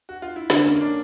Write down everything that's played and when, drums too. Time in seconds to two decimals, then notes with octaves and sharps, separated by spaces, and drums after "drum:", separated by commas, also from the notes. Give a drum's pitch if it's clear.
0.09 F#4
0.22 F4
0.36 E4
0.50 D3 D#4, drum: snare
0.65 A#3 C#4
0.81 C#4 D4